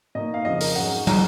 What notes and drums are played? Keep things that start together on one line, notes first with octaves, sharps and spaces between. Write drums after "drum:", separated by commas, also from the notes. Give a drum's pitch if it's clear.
B2 A#3 D#4 D#5
F5
F2 C#3 F3 D#5
A#4, drum: open hi-hat
G#2 F#3 C#4 F#5
F3 G#3 A#5, drum: tom